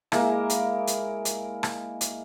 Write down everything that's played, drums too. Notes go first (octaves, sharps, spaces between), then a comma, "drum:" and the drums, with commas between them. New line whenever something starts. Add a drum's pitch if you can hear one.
G#3 A#3 E4 A#5, drum: rim click
drum: hi-hat
drum: hi-hat
drum: hi-hat
drum: rim click
drum: hi-hat